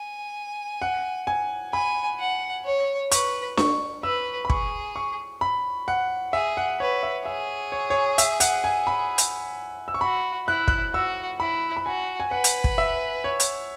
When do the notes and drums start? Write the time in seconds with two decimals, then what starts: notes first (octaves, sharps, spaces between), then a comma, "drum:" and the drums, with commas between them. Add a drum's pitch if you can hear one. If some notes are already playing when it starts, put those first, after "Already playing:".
Already playing: G#5
0.82 F#5
1.27 G#5
1.73 G#5 B5
2.20 F#5
2.65 C#5
3.11 B4 C#6, drum: hi-hat
3.57 C#6, drum: snare D4
4.03 B4 E6
4.45 B5
4.50 G#4 C#6, drum: kick
4.96 C#6
5.41 B5
5.88 F#5
6.33 G#4 E5
6.57 F#5
6.80 B4 C#5
7.03 E5
7.26 G#4 E5
7.72 C#5
7.90 C#5
8.18 E5, drum: hi-hat
8.40 F#5, drum: hi-hat
8.64 G#5
8.87 B5
9.18 drum: hi-hat
9.88 E6
9.94 C#6
10.01 F#4 B5
10.48 E4 F#6
10.68 F#6, drum: kick
10.94 F#4 E6
11.40 E4 B5
11.77 B5
11.85 F#4 G#5
12.20 G#5
12.31 B4 F#5
12.44 drum: hi-hat
12.64 drum: kick
12.78 E5
13.24 C#5
13.40 drum: hi-hat